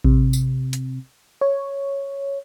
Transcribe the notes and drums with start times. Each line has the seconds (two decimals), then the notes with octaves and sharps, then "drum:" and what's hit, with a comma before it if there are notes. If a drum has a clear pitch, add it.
0.05 C3, drum: kick A1
0.33 drum: tambourine
0.73 drum: hi-hat
1.41 C#5